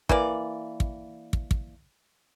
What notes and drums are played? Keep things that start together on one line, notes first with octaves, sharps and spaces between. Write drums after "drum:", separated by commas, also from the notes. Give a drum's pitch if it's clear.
E3 A#3 D5, drum: kick
drum: kick
drum: kick
drum: kick